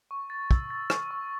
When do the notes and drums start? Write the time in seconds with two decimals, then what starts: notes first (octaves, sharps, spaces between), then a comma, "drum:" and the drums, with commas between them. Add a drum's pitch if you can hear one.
0.11 C#6
0.30 A6
0.51 E6, drum: kick
0.70 A6
0.90 C#6, drum: rim click
1.11 C#6